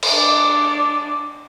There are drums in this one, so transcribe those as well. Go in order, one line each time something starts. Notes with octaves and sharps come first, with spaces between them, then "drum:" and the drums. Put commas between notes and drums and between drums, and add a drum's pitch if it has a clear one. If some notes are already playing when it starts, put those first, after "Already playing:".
drum: cymbal
D4 D5